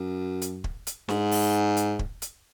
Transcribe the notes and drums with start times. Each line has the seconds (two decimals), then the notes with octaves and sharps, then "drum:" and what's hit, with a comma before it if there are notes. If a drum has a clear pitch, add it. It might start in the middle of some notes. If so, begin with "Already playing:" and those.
Already playing: F#2
0.42 drum: hi-hat
0.64 drum: kick
0.87 drum: hi-hat
1.09 G#2, drum: snare
1.32 drum: open hi-hat
1.77 drum: hi-hat
1.99 drum: kick
2.22 drum: hi-hat